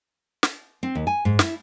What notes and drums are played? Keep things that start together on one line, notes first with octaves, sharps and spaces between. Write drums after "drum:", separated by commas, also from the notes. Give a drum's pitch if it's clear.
drum: snare
C4
D#2
G#5
G#2
E4, drum: snare